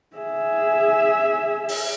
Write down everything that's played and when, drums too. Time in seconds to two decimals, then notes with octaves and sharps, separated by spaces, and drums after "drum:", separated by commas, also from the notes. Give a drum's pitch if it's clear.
0.17 G#4 E5
1.68 drum: open hi-hat